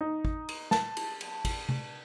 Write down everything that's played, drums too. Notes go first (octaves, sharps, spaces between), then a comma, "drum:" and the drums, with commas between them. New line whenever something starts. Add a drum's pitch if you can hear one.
D#4
drum: kick
drum: cymbal
A5, drum: snare
drum: cymbal
drum: cymbal
drum: kick, cymbal
drum: tom C3